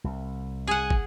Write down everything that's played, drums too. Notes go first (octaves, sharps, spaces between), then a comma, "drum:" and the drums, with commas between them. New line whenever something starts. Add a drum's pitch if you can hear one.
C2
G#4 F#5 G#5
drum: kick